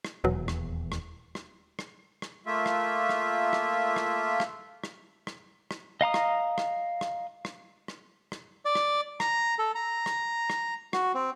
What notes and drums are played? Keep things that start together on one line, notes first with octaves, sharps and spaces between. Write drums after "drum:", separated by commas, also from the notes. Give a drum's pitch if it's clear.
drum: rim click
D#1 E2 B2 F#3
drum: rim click
drum: rim click
drum: rim click
drum: rim click
drum: rim click
A3 A#3 F4 E5
drum: rim click
drum: rim click
drum: rim click
drum: rim click
drum: rim click
drum: rim click
drum: rim click
drum: rim click
D#5 F5 A#5 D#6
drum: rim click
drum: rim click
drum: rim click
drum: rim click
drum: rim click
drum: rim click
D5
drum: rim click
A#5, drum: rim click
A4
A#5
drum: rim click
drum: rim click
F#4, drum: rim click
C4